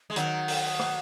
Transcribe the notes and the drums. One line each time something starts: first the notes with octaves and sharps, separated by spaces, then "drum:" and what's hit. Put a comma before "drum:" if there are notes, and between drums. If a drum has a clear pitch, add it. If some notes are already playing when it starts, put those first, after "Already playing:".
G#3
D#3 F#3 F#5, drum: hi-hat
drum: open hi-hat
drum: rim click